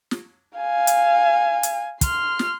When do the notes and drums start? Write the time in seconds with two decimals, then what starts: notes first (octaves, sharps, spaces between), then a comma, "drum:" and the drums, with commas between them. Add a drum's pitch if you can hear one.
0.11 drum: snare
0.58 F5 G#5
0.87 drum: hi-hat
1.63 drum: hi-hat
2.01 C6 F6, drum: kick, hi-hat
2.39 drum: snare